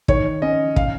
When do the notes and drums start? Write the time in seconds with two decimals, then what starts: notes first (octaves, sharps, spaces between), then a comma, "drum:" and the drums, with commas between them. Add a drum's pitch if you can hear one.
0.08 D#3 C#5, drum: kick
0.42 C#4 D#5
0.76 F5, drum: kick